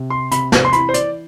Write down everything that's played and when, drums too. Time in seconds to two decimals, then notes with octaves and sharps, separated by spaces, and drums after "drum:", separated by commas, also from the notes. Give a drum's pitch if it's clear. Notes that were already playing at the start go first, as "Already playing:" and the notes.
Already playing: C3
0.10 C6
0.31 C3 B5, drum: hi-hat
0.52 drum: snare
0.65 C6
0.73 E3 B5, drum: hi-hat
0.89 C5
0.94 D5, drum: hi-hat